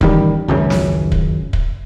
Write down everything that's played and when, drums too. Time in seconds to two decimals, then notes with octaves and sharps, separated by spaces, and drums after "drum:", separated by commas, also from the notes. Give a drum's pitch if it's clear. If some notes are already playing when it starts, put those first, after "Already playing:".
0.01 A1 D#3 G3, drum: kick
0.48 G#1 C#2 F#2 C#3
0.70 drum: snare
1.12 drum: kick
1.53 drum: kick